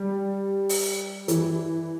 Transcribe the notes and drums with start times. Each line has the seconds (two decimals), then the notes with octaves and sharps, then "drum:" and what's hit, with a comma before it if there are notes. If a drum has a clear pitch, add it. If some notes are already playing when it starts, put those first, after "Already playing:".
Already playing: G3
0.69 drum: open hi-hat
1.28 E3, drum: hi-hat